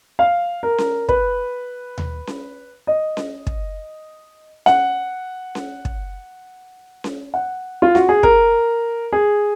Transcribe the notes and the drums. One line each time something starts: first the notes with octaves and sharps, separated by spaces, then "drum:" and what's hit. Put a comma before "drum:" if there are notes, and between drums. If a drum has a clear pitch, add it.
F5
A#4
drum: snare C#4
B4, drum: kick
drum: tom D#2
drum: snare C#4
D#5
drum: snare C#4
drum: kick
F#5, drum: snare C#4
drum: snare C#4
drum: kick
drum: snare C#4
F#5
F4
F#4, drum: snare C#4
G#4
A#4, drum: kick
G#4